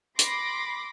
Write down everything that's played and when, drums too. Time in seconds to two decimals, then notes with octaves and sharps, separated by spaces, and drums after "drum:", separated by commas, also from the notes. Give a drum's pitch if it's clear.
0.19 B5 C6 D6 A#6, drum: hi-hat